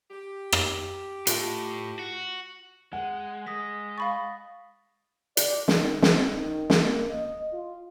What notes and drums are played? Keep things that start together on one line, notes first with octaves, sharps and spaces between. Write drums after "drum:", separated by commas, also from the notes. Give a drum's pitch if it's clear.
G4
drum: rim click
A2 F4 E5 A5, drum: hi-hat
F#4
G#3 F#5
G#3 D#6 A#6 B6
F5 B5 C#6 A6
D5, drum: hi-hat
D#3, drum: snare
C4, drum: snare
D#3
A#3, drum: snare
D#5
F4